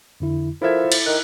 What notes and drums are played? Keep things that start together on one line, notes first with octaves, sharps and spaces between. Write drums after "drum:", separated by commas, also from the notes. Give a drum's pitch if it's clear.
F2 D3 E4
F3 E4 A4 A#4 E5 F6 G#6
A6, drum: cymbal
D#3 F#6